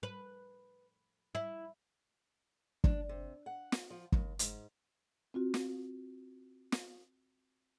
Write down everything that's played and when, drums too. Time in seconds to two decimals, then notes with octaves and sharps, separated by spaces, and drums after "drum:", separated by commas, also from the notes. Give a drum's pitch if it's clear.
0.03 B4
1.35 E4
2.84 D4, drum: kick G1
3.09 C3
3.46 F#5
3.72 drum: snare
3.90 F3
4.12 D#2, drum: kick G1
4.39 G#2, drum: hi-hat
5.34 C4 F4 F#4
5.54 drum: snare
6.72 drum: snare